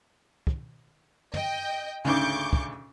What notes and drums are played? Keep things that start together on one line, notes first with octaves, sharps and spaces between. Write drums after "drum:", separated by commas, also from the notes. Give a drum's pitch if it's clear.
drum: kick
D#5 G5 G6, drum: tom
D2 G#2 C#3 C#6 D6 G6, drum: tom C#3
drum: kick